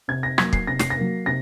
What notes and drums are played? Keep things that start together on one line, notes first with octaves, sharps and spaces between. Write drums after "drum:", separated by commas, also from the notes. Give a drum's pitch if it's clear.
C3 G#6
A#6
F#3 A#3 G#6, drum: rim click
C7, drum: kick
C3 A#6
C7, drum: snare
A#6
F#3 A#3
C3 A#6